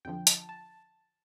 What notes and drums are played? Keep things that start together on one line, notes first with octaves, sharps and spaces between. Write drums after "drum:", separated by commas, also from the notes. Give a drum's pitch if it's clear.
F2 D3 F3 G5
A5, drum: hi-hat
A5